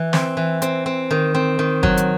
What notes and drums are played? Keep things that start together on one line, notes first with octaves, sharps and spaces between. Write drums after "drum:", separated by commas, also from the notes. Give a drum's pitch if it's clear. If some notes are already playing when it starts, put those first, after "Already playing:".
Already playing: E3
C4, drum: snare
E3
C4, drum: hi-hat
C4
D#3
C4
D#3
F#3, drum: kick
drum: hi-hat